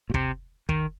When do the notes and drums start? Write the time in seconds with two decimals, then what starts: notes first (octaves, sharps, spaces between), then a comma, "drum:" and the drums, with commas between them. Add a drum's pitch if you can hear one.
0.10 A#2
0.14 C3, drum: kick
0.69 D#3, drum: kick